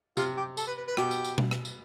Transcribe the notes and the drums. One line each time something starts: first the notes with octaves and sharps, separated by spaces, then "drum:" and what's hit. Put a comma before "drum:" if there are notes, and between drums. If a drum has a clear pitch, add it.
C3 F4, drum: tambourine
G4
A4, drum: tambourine
B4
B4
B4
B2 G4, drum: rim click
drum: tambourine
drum: tambourine
drum: tom B2
drum: rim click
drum: tambourine